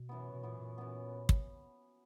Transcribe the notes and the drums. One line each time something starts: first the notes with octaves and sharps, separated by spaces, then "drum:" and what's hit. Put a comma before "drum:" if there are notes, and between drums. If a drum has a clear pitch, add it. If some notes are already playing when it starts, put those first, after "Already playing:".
Already playing: B2
F#2 E3 B3
B2
F#2 A#2 E3 B3
A#2
F#2 E3 B3
drum: kick